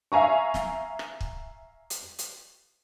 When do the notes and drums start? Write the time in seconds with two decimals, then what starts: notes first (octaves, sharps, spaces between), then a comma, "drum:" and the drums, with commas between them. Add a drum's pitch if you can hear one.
0.12 E5 F5 G#5 A#5 C#6
0.54 drum: snare
0.99 drum: rim click
1.21 drum: kick
1.90 drum: hi-hat
2.18 drum: hi-hat